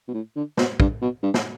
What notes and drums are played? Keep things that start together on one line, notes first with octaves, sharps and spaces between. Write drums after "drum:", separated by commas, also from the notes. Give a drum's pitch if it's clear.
B2
A2
D3
B2, drum: snare
G2, drum: kick
B2
G2
drum: snare